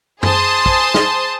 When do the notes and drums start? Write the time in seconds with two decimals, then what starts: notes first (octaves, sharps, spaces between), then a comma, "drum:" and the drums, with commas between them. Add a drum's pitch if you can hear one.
0.23 G#4 C5 A5 C6 D#6, drum: tom F#2
0.66 drum: kick
0.94 drum: snare